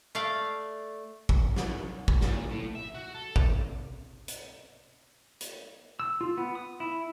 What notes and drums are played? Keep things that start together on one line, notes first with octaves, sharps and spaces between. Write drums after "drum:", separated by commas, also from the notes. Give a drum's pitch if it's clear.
A3 D5 F5
drum: kick
drum: snare
drum: kick
A#2, drum: snare
A2
E5
F#4
A4
drum: kick
drum: hi-hat
drum: hi-hat
E6
F4
B3
D#6
E4